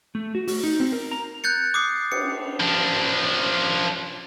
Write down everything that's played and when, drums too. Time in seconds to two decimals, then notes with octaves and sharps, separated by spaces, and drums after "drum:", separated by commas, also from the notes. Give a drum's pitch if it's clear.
0.15 A3
0.35 F#4
0.48 F#4, drum: open hi-hat
0.63 D#4
0.80 C4
0.92 A#4
1.11 A#5
1.44 F#6 G6 A6 C#7
1.74 D6 D#6 C7
2.12 C#7, drum: cymbal
2.60 F3 D4